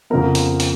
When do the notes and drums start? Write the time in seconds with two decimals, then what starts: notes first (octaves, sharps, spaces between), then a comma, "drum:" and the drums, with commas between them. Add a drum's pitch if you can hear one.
0.10 F2 C#3 F3 B3 A#4
0.35 drum: hi-hat
0.60 drum: hi-hat